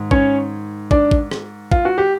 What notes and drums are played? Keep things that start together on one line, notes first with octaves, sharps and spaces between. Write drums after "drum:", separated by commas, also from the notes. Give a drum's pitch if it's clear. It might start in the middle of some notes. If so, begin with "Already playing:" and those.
Already playing: G#2 D#3
C#4 C#5, drum: kick
D4 D5, drum: kick
drum: kick
drum: rim click
F4, drum: kick
F#4
G4